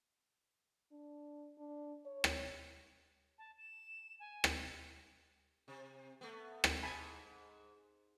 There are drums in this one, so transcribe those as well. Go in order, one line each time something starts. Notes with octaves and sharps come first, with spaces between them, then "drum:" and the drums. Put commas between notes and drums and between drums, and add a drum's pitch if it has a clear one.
D4
D4
C#5
drum: rim click
A5
E7
G#5
drum: rim click
C3
A3 B3
drum: rim click
G#2 G#5 A5 B5